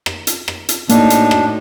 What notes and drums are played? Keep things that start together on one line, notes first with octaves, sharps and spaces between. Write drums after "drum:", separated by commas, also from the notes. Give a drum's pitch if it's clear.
drum: rim click
drum: hi-hat
drum: rim click
drum: hi-hat
A2 A#3 D4 D#4 F#4, drum: hi-hat
drum: hi-hat
drum: rim click